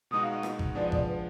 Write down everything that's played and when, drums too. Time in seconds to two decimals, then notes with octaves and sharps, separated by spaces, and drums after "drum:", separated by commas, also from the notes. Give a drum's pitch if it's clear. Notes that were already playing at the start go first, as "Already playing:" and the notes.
0.11 B2 G#3 D#4 F#4 D#6
0.22 F5
0.33 D#5
0.43 drum: rim click
0.59 drum: kick G#1
0.75 F3 G#3 B3 D4 D5
0.84 D#5
0.92 D5, drum: kick G#1
1.07 B4